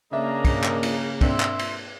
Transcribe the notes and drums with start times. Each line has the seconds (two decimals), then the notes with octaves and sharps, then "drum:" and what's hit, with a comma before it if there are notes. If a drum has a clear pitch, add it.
0.13 C#3 A#3 D4 D#5 E5 A#5
0.45 drum: kick, cymbal
0.64 drum: clap
0.83 drum: cymbal
1.21 C4 D4 E5 C6, drum: kick, cymbal
1.40 drum: clap
1.59 drum: cymbal